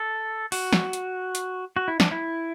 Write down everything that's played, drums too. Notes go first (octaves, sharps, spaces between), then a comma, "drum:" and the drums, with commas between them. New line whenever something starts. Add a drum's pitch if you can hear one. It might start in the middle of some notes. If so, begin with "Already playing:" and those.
Already playing: A4
F#4, drum: open hi-hat
drum: snare
drum: hi-hat
drum: hi-hat
F#4
E4
D4, drum: snare
E4